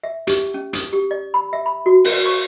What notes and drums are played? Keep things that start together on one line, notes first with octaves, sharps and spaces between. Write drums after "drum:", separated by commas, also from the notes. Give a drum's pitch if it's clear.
E5
G4, drum: hi-hat
C#4
D#6, drum: hi-hat
G4
D5
B5
E5
B5
F#4
drum: open hi-hat
C#6